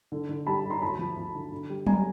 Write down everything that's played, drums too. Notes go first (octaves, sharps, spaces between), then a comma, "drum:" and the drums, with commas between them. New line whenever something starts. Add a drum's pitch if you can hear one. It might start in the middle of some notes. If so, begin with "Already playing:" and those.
D3
D3
G3 A5 B5
G3
A#5 C6
D2 A5 B5
F3
F3
D3
D3
G3
G#5 A#5, drum: tom F#3